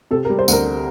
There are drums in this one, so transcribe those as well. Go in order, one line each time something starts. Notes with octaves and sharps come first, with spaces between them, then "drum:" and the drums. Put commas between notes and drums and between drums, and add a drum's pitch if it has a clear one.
C3 A4
A#4
G3
C5
D2 A#4, drum: tambourine